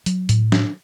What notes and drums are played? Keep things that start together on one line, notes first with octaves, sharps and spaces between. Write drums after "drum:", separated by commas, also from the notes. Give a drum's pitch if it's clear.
F#3, drum: hi-hat
A2, drum: hi-hat
D4, drum: snare